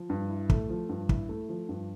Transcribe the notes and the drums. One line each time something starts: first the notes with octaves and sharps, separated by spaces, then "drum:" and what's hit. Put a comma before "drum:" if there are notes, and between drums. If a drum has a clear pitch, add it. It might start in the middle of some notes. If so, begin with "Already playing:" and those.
Already playing: F3
G2
E4
A3, drum: kick
F3
G2
E4, drum: kick
A3
F3
G2